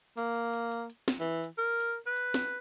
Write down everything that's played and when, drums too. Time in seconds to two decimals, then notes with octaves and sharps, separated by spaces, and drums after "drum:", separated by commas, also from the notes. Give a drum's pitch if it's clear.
0.17 A#3, drum: hi-hat
0.35 drum: hi-hat
0.53 drum: hi-hat
0.72 drum: hi-hat
0.90 drum: hi-hat
1.08 drum: snare
1.20 E3
1.44 drum: hi-hat
1.58 A#4
1.80 drum: hi-hat
2.07 B4
2.16 drum: hi-hat
2.34 drum: snare